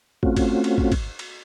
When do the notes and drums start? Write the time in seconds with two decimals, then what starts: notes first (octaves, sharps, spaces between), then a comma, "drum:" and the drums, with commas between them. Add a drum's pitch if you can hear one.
0.23 A3 C4 C#4 F4 F#4, drum: kick
0.36 drum: kick, cymbal
0.64 drum: cymbal
0.78 drum: kick
0.92 drum: kick, cymbal
1.19 drum: cymbal